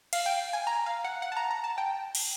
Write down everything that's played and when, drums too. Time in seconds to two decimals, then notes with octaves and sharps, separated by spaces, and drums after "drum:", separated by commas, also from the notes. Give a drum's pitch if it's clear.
0.13 F5, drum: cymbal
0.26 G5
0.53 G#5
0.67 A#5
0.86 F5
1.04 F#5
1.22 F#5
1.32 A5
1.37 A#5
1.51 A#5
1.64 A5
1.78 G5
2.15 drum: cymbal